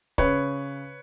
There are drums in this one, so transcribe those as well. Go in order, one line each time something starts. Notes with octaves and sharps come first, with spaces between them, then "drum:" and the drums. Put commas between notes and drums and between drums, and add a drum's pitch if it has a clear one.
C#3 B4 C#5, drum: kick